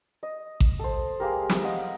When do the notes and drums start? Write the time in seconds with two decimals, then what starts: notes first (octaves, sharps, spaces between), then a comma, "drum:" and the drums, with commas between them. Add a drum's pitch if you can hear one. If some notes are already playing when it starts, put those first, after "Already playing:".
0.23 D#5
0.60 drum: kick A1
0.79 A4 C5
1.20 G#3 A#3 G4 A#4
1.50 drum: snare
1.63 D#5 F5 F#5